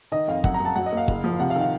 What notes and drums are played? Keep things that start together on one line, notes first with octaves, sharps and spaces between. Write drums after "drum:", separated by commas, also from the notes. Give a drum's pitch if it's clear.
D#3 D#5
F2 F5
F#2 F#5, drum: kick
A#5
F#2
A5
F#3 F#5
D#5
A#3
F5
F#1, drum: kick
F3
C3 F#5
F5
D#3
F5